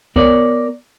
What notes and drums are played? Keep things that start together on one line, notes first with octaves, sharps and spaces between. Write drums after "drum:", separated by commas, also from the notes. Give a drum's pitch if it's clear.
B3 A#4 C#5 D5, drum: kick C2